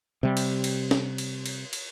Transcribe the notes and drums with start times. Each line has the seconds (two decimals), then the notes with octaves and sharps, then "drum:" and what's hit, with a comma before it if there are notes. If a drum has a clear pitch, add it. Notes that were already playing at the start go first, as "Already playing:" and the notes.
0.23 C3 G3
0.37 drum: cymbal
0.64 drum: cymbal
0.91 drum: snare
1.18 drum: cymbal
1.46 drum: cymbal
1.73 drum: cymbal